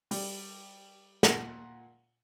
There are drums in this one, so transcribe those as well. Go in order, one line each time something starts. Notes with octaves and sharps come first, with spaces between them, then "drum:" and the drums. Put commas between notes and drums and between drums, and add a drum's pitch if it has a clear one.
G3, drum: open hi-hat
A#2 F#5, drum: snare